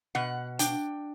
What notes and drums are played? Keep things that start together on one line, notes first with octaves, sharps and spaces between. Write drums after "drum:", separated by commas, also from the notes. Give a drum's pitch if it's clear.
B2 F#5
D4 G5, drum: hi-hat